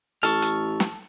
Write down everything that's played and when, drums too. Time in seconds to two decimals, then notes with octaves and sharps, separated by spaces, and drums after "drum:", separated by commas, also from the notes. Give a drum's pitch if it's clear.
0.23 A1 A4 C#6 F6, drum: hi-hat
0.42 drum: hi-hat
0.80 drum: snare